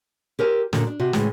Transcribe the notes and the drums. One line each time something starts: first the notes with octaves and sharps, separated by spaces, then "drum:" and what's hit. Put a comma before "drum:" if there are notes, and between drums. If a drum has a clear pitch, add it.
G4 A#4 C5 G#5
F#2 A#2 D3, drum: snare
D4
C3 F#4
A2 C#3 E3 G#3, drum: snare